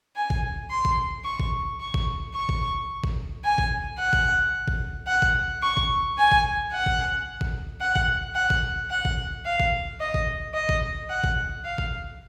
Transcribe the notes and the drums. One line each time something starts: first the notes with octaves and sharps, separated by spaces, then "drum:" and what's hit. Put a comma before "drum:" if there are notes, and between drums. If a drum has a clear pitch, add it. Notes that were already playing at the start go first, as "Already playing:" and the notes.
G#5
drum: kick A1
C6
drum: kick A1
C#6
drum: kick A1
C#6
drum: kick A1
C#6
drum: kick A1
drum: kick A1
G#5
drum: kick A1
F#5
drum: kick A1
drum: kick A1
F#5
drum: kick A1
C#6
drum: kick A1
G#5
drum: kick A1
F#5
drum: kick A1
drum: kick A1
F#5
drum: kick A1
F#5
drum: kick A1
F#5
drum: kick A1
F5
drum: kick A1
D#5
drum: kick A1
D#5
drum: kick A1
F#5
drum: kick A1
F5
drum: kick A1